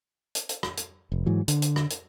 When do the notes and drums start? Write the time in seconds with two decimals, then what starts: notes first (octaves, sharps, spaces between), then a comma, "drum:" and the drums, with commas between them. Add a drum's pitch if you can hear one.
0.35 drum: hi-hat
0.49 drum: hi-hat
0.63 drum: rim click
0.77 drum: hi-hat
1.12 F1
1.26 G#2 E3 F#3
1.48 D3, drum: hi-hat
1.62 drum: hi-hat
1.76 drum: rim click
1.90 drum: hi-hat